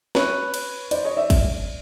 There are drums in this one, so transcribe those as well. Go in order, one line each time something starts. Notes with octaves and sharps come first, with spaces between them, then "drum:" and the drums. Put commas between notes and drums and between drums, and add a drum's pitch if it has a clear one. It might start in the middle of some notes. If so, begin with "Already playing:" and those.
B4 C#5, drum: snare
drum: cymbal
C5 D5, drum: cymbal
C#5 D#5
D5 E5
drum: kick, cymbal